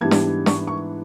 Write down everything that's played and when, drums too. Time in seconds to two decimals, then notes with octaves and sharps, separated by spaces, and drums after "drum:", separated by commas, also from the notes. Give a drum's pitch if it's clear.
0.01 G#2 E3 G3 B3 D4 G#6
0.11 drum: snare
0.46 C#6, drum: snare
0.67 C#6